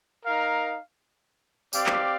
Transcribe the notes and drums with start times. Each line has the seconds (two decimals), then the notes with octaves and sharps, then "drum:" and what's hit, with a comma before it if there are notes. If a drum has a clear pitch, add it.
0.24 D#4 A#4 F5
1.73 C4 G4 D5 F5, drum: tambourine
1.86 drum: clap